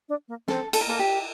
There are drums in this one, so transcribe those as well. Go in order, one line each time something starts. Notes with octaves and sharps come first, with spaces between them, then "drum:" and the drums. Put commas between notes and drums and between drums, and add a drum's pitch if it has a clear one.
D4
A#3
C4 A4, drum: snare
A4, drum: cymbal
A#4
A#3 A4
G4